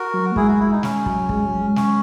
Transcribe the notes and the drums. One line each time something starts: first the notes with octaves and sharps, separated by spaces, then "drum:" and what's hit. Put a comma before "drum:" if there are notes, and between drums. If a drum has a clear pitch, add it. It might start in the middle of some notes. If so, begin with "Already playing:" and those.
Already playing: F#4 A#4
F#3
A#3
G#3 E4 G#4, drum: kick
F#4
E4
D#4
G#3 C#4, drum: snare
F#3, drum: kick
G#3, drum: kick
F#3
G#3
C#4, drum: snare